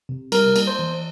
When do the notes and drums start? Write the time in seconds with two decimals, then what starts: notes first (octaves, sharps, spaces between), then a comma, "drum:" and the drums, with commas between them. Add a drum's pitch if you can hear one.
0.09 C3
0.32 G3 A#4, drum: cymbal
0.56 A#3, drum: cymbal
0.67 C5
0.79 E3